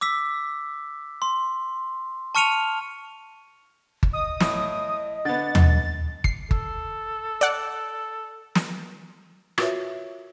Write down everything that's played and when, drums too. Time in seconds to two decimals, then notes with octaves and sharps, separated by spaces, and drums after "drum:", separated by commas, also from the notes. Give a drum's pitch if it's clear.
0.01 D6 E6 B6
1.22 C6
2.35 A5 C#6 F6 C#7 D#7 F7
4.03 drum: kick G1
4.13 D#5 D#6
4.40 A2, drum: snare
5.25 D3 B3 A6
5.55 drum: tom D#2
6.24 C7, drum: kick G1
6.51 A4, drum: kick G1
7.41 D5 F#5
8.55 drum: snare
9.58 F4 F#4 A#4 B4 C#5 E5, drum: rim click